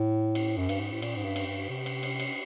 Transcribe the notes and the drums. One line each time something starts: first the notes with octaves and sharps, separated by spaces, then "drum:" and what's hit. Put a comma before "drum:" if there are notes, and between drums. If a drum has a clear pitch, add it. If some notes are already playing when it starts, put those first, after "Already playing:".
Already playing: A2
drum: cymbal
F#2
G2, drum: cymbal
G#2
A2
A#2, drum: cymbal
G#2
G2
drum: cymbal
G2
C3
drum: cymbal
drum: cymbal
drum: cymbal